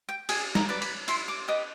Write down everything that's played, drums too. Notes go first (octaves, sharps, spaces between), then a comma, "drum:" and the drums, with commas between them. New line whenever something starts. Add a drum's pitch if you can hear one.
G5
G#4 G#5, drum: cymbal
A#5, drum: snare
B4 D5
B5, drum: cymbal
E4 C6, drum: cymbal
D6
G4 B4 D#5 D6